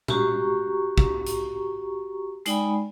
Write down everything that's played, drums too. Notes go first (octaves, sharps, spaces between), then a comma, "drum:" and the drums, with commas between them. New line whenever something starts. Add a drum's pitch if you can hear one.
F#4 G4 A#5 C#6, drum: tom A#2
drum: kick
drum: hi-hat
G#3 D#4 D5 G5 G#5 B5, drum: hi-hat